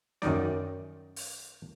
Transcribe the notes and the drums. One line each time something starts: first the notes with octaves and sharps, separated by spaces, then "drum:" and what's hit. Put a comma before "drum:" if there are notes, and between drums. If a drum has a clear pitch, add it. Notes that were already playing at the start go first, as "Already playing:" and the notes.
F#2 D#3 D#4 D5, drum: snare
drum: open hi-hat